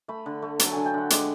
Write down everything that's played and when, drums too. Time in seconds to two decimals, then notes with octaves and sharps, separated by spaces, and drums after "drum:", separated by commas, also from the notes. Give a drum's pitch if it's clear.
0.08 A3 B5
0.26 D3
0.42 A3
0.59 F#3 A5, drum: hi-hat
0.72 D3 G#5
0.85 G5
0.94 D3 F#5
1.10 G#3 D5, drum: hi-hat